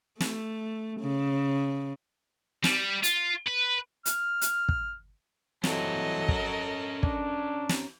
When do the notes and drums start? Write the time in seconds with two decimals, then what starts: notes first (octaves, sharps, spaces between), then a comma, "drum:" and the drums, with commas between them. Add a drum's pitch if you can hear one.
0.20 A3, drum: snare
1.01 C#3
2.64 G3, drum: snare
3.03 F4, drum: hi-hat
3.47 B4
4.06 F6, drum: hi-hat
4.41 drum: hi-hat
4.69 drum: kick
5.64 E3 F#3 G3 C4 A4 D#5, drum: snare
6.28 C#4 A#4, drum: kick
7.03 D4, drum: kick
7.69 drum: snare